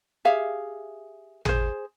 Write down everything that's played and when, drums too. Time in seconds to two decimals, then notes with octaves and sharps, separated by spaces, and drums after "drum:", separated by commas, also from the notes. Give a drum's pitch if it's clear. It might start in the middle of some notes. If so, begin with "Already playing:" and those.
0.25 G4 G#4 E5 F5
1.45 G#4 C5, drum: tom